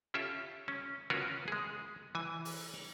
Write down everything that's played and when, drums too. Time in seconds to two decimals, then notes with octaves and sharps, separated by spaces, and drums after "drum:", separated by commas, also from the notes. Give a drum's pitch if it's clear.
0.14 C#4 F4 G4 A4 E5
0.68 C#4
1.10 C#4 F4 F#4 A#4 B4
1.48 G#3 G#4
2.15 E3 G#5
2.45 drum: open hi-hat
2.74 drum: cymbal